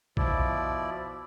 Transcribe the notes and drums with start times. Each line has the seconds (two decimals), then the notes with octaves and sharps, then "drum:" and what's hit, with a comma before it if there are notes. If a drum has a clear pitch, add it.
0.17 B2 F3 E4 D5, drum: kick A#1